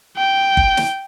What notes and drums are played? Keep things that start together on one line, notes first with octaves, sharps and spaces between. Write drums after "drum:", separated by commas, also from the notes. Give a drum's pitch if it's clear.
G5
drum: kick G1
drum: snare